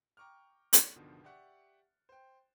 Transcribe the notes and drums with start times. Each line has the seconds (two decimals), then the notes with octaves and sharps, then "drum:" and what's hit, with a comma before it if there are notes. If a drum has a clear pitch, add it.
0.17 G5 A#5 C#6 D6 F6
0.73 G#3 C#4 D5, drum: hi-hat
0.95 G1 C#2 B2 D3 D#3 F3
1.24 G4 D5 E5 F#5 C#6
2.09 C5 G5